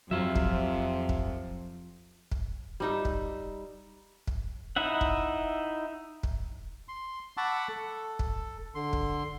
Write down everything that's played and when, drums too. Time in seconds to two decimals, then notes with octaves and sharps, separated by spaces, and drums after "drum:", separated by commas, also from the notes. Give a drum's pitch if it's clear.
0.11 F2 C3 F#3 F4 E5
0.36 drum: kick
1.09 drum: kick
2.32 drum: kick
2.80 G3 D#4 E5
3.05 drum: kick
4.27 drum: kick
4.76 D#4 E4 E5 F#5
5.01 drum: kick
6.23 drum: kick
6.88 C6
7.37 F#5 A5 B5 C#6 D6 E6
7.69 A4
8.19 drum: kick
8.75 D3 C6
8.93 drum: kick